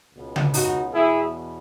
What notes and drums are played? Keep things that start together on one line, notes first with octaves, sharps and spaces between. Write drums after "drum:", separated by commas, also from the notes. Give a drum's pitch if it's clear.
C#2 B2
drum: tom C#3
D#4 F#4, drum: open hi-hat
E2 B2 E4 G#4